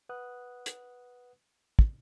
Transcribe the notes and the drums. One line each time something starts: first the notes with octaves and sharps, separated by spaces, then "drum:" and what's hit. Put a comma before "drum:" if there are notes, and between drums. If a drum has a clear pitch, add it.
B4 F#5 D#6 F#6
drum: hi-hat
drum: kick